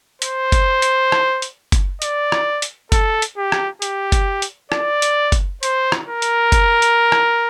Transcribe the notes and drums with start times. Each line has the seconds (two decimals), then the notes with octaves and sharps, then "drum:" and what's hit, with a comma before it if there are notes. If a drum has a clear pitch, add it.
0.22 C5, drum: hi-hat
0.52 drum: kick F#1, hi-hat
0.82 drum: hi-hat
1.12 drum: rim click
1.42 drum: hi-hat
1.72 drum: kick F#1, hi-hat
2.02 D5, drum: hi-hat
2.32 drum: rim click
2.62 drum: hi-hat
2.92 A4, drum: kick F#1, hi-hat
3.22 drum: hi-hat
3.37 G4
3.52 drum: rim click
3.82 G4, drum: hi-hat
4.12 drum: kick F#1, hi-hat
4.42 drum: hi-hat
4.72 D5, drum: rim click
5.02 drum: hi-hat
5.32 drum: kick F#1, hi-hat
5.63 C5, drum: hi-hat
5.92 drum: rim click
6.08 A#4
6.22 drum: hi-hat
6.52 drum: kick F#1, hi-hat
6.82 drum: hi-hat
7.12 drum: rim click